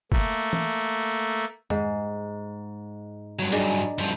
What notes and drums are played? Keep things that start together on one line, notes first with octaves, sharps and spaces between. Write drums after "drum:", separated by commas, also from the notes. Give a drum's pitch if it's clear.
A3 A#3, drum: kick
drum: tom E3
G#2, drum: tom F2
G2 F#3
D4 D#4 G#4, drum: hi-hat
G2 F3, drum: hi-hat